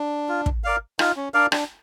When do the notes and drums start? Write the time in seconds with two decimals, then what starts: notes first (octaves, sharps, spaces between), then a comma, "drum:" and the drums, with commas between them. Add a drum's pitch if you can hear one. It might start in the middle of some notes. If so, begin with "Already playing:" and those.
Already playing: D4
0.29 F4
0.46 drum: kick
0.64 A#4 D5 F5
0.99 D#4 F4, drum: rim click
1.16 C#4
1.34 D4 A#4 D5 F5
1.52 D4, drum: rim click